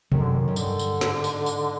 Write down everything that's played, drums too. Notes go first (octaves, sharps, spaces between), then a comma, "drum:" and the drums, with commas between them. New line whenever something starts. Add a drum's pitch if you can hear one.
F#2 D#3, drum: tom B2
D3
D#3
F#2
G2 D3, drum: tambourine
drum: tambourine
G#2, drum: snare
drum: tambourine
drum: tambourine